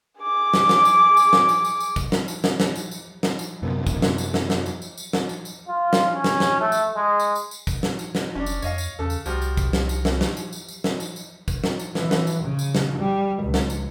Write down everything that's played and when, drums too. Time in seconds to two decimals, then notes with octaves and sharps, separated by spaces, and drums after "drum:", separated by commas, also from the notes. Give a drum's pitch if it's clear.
0.20 G#4 D6
0.54 drum: snare
0.69 drum: snare
0.85 drum: tambourine
1.17 drum: tambourine
1.33 drum: snare
1.49 drum: tambourine
1.65 drum: tambourine
1.80 drum: tambourine
1.96 drum: kick, tambourine
2.12 drum: snare
2.28 drum: tambourine
2.44 drum: snare
2.60 drum: snare
2.76 drum: tambourine
2.91 drum: tambourine
3.23 drum: snare
3.39 drum: tambourine
3.62 F#2 C3 B3
3.87 drum: kick, tambourine
4.02 drum: snare
4.18 drum: tambourine
4.34 drum: snare
4.50 drum: snare
4.66 drum: tambourine
4.82 drum: tambourine
4.98 drum: tambourine
5.13 drum: snare
5.29 drum: tambourine
5.45 drum: tambourine
5.68 F4
5.93 drum: snare
6.14 C#4
6.24 drum: snare
6.40 drum: snare
6.61 A3
6.72 drum: tambourine
6.96 G#3
7.20 drum: tambourine
7.35 drum: tambourine
7.51 drum: tambourine
7.67 drum: kick, tambourine
7.83 drum: snare
7.99 drum: tambourine
8.15 drum: snare
8.35 F1 C#4 D4
8.46 drum: tambourine
8.62 F2 C#5 D#5 F5, drum: tambourine
8.78 drum: tambourine
8.99 E2 C#3 A4
9.10 drum: tambourine
9.26 C2 F3 G3 F#4, drum: tambourine
9.42 drum: tambourine
9.57 drum: kick, tambourine
9.73 drum: snare
9.89 drum: tambourine
10.05 drum: snare
10.21 drum: snare
10.37 drum: tambourine
10.53 drum: tambourine
10.68 drum: tambourine
10.84 drum: snare
11.00 drum: tambourine
11.16 drum: tambourine
11.48 drum: kick, tambourine
11.64 drum: snare
11.79 drum: tambourine
11.95 E3, drum: snare
12.11 drum: snare
12.27 drum: tambourine
12.44 C#3
12.59 drum: tambourine
12.75 drum: snare
12.99 G3
13.43 C#2
13.54 drum: snare
13.70 drum: tambourine